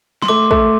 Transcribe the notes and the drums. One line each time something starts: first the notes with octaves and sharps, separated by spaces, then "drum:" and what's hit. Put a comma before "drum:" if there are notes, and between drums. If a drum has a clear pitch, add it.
C6, drum: snare
A3 D6
A3, drum: kick